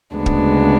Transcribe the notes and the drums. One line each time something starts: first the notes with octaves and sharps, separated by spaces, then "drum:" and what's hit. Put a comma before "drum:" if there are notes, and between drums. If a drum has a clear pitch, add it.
D2 C#3 G#3 B3 D4
drum: kick